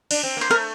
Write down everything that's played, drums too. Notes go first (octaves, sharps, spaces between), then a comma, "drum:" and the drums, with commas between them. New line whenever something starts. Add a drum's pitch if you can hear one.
D4, drum: cymbal
C4
A#3 C5
A3 A#4